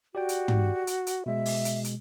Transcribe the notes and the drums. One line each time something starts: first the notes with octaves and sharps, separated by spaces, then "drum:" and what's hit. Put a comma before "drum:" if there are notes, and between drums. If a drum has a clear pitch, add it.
F#4 G4 D5 G5
drum: hi-hat
drum: tom
drum: hi-hat
drum: hi-hat
B2 G#3 E5
drum: open hi-hat
drum: hi-hat
drum: hi-hat